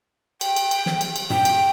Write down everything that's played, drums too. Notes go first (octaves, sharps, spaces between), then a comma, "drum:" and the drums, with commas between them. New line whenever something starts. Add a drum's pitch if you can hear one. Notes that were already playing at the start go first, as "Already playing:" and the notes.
G5, drum: cymbal
drum: cymbal
drum: cymbal
drum: snare
drum: cymbal
drum: cymbal
G5, drum: tom
drum: cymbal